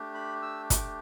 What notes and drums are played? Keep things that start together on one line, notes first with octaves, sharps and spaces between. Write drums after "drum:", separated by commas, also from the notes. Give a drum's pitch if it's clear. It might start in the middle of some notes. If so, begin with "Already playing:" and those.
Already playing: A3 D4 G4
B5
E6
D6, drum: kick, hi-hat